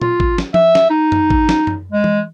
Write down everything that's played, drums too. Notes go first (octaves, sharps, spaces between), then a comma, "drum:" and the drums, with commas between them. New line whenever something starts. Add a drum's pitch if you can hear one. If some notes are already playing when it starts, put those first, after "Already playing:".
F4, drum: tom A#2
drum: kick
drum: snare
E5, drum: tom F3
drum: snare
D#4
drum: tom F#2
drum: kick
drum: snare
drum: tom F#2
G#3
drum: tom E3